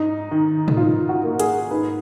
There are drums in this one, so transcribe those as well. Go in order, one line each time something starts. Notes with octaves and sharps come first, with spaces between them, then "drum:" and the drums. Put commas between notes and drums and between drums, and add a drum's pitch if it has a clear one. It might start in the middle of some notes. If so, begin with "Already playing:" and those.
Already playing: G#2 D#4
D#3
drum: tom A2
G#2 F4
F#4
A#3
G#4, drum: hi-hat
G#2 B4